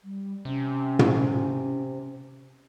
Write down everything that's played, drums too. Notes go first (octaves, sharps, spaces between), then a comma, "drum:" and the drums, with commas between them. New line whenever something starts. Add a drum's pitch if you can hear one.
G3
C3 C#4
drum: tom